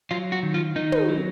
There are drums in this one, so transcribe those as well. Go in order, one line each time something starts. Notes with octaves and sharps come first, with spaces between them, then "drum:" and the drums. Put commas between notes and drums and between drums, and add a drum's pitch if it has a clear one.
F#3 F4
F#4
D#3
F4
D#3 D#4
drum: tom
F#3